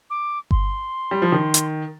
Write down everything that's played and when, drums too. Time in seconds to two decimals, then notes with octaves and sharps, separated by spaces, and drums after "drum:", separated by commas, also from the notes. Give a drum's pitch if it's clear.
0.10 D6
0.51 C6, drum: kick G1
1.11 G3
1.22 F3
1.32 D#3
1.54 drum: hi-hat